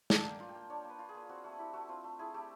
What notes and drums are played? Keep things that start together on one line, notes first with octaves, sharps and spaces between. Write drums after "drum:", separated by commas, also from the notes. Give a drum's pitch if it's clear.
D4 G#5, drum: snare
A#3
G5
F4
G5
A#3
D4 C#5
A#3 B4
F4
G#4
A#3
C4 F#4
A3 F#4
E4 G4
A3 F#4
C4 F4
A3
E4 G#4
A3 G4